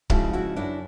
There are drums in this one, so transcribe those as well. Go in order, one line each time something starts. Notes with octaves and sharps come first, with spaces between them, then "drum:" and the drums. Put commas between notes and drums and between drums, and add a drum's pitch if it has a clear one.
C#3 F3 G#3 E4 F#4, drum: kick C#1
E4 F#4
F#2 D4 E4